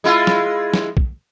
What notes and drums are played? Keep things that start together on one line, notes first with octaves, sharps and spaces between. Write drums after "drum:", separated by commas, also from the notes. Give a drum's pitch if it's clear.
G#3 E4 F4
drum: snare
drum: snare
drum: kick